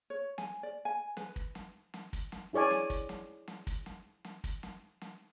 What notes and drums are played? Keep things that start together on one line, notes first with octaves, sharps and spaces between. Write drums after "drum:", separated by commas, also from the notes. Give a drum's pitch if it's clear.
C#5
G#5, drum: snare
D5
G#5
B4, drum: snare
drum: kick
drum: snare
drum: snare
drum: kick, hi-hat
drum: snare
E4 G#4 C#5 D5 G#5
drum: snare
drum: kick, hi-hat
drum: snare
drum: snare
drum: kick, hi-hat
drum: snare
drum: snare
drum: kick, hi-hat
drum: snare
drum: snare